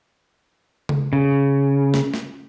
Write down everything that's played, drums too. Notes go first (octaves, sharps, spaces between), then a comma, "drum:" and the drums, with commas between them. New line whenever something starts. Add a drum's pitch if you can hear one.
drum: tom C#3
C#3
drum: snare
drum: snare